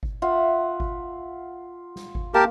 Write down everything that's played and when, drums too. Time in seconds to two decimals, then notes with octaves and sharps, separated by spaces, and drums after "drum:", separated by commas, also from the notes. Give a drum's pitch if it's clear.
0.03 drum: kick G1
0.22 F4 E5 F#5
0.80 drum: kick G1
1.96 drum: snare
2.15 drum: kick G1
2.34 A#3 G4 A#4 A5